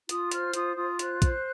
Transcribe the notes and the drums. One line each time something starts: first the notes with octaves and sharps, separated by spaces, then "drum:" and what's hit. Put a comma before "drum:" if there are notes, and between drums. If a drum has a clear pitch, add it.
F4 D#6, drum: hi-hat
C5 F6, drum: hi-hat
F4 D#6, drum: hi-hat
F4 D#6
C5 F#6, drum: hi-hat
C5, drum: kick, hi-hat